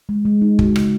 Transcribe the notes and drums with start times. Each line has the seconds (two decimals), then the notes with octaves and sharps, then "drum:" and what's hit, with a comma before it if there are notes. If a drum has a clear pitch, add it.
0.09 G#3
0.25 G#3
0.42 D#4
0.59 F#4, drum: kick
0.76 C#3, drum: rim click